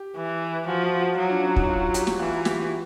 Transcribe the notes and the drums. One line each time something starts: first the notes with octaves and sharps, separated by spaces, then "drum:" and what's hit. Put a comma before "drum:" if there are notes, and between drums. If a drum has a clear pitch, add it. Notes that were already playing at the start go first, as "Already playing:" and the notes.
Already playing: G4
E3
F3 F#4
F#4
F#4
F#3 F4
D4
C#4
D#4, drum: kick
F4
F#4
G4, drum: hi-hat
F#4, drum: snare
E3 F4
F#4
G4, drum: snare
F#4